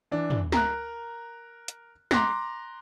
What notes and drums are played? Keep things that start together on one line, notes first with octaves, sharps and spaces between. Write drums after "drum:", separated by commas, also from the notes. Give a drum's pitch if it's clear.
E3 D4
drum: tom
A#4 A#5 F#6, drum: snare
drum: hi-hat
A#5 C6 D6 F#6 A#6, drum: snare